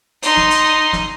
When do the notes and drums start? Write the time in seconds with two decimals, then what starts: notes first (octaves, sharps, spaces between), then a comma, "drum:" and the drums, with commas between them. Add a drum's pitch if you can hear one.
0.23 D#4 C6, drum: hi-hat
0.37 drum: snare
0.51 drum: hi-hat
0.93 drum: snare